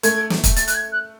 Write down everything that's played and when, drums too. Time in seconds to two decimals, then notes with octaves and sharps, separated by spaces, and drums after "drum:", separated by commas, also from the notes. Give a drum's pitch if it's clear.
0.03 A3 G#6, drum: hi-hat
0.30 drum: snare
0.44 drum: kick, hi-hat
0.56 A6, drum: hi-hat
0.68 F#6, drum: hi-hat
0.75 G#6
0.92 F#6